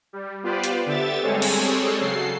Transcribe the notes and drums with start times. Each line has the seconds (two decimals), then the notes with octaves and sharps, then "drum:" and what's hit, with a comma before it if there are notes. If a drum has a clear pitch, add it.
0.13 G3
0.43 B3 F4 G4 B4 C5 D5
0.64 drum: hi-hat
0.86 D3 B3 G4 E5 A6
1.23 G3 G#3 C4 G#4 A4 C#5
1.42 drum: cymbal
2.00 C#3 F#3 A4 C7